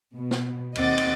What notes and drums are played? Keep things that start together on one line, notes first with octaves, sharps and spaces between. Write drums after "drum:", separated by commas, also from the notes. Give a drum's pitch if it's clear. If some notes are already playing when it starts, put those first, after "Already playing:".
B2
drum: snare
D#2 C4 D#5 F#5 D6 A6, drum: cymbal
drum: cymbal